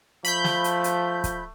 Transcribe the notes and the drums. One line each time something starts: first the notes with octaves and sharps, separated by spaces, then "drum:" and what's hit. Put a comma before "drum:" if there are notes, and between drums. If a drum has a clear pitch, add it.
F3 A3 B5 G6, drum: hi-hat
drum: snare
drum: hi-hat
drum: hi-hat
drum: kick, hi-hat